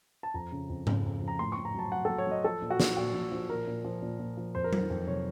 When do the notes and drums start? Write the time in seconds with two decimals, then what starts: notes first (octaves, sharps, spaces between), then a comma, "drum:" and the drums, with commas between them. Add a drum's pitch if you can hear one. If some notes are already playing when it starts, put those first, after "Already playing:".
0.23 A5
0.34 F2 A#5
0.52 C#3
0.69 F2
0.87 C#3, drum: tom G#2
1.04 F2
1.22 F3
1.28 A#5
1.39 A2 C6
1.52 A2 C#6
1.65 A#5
1.74 F#3 A5
1.92 F#3 F#5
2.05 F#3 A4
2.18 C#5
2.27 F#3 D#5
2.44 F3 A4
2.62 A#2
2.70 F#4
2.80 F3, drum: snare
2.97 A#2 F#4
3.14 A#2
3.32 F3
3.49 A#2 A#4
3.67 A#2
3.85 F3
4.02 A#2
4.19 A#2
4.37 F3
4.55 F2 C5
4.64 A#4
4.73 D#3 C5, drum: tom F#3
4.90 F2
5.07 C3 C#5